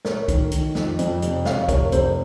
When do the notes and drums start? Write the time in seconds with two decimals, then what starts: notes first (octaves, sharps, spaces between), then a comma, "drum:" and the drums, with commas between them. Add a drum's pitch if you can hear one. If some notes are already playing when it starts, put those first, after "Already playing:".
0.05 A3 A#4 C#5, drum: snare
0.28 D#3, drum: kick C2, hi-hat
0.51 D#3, drum: hi-hat
0.75 F2, drum: snare
0.99 F2, drum: hi-hat
1.22 F1, drum: hi-hat
1.45 F1 C#5 F5, drum: snare
1.69 F1 A#4 C#5, drum: kick C2, hi-hat
1.92 F1 A4 C5, drum: hi-hat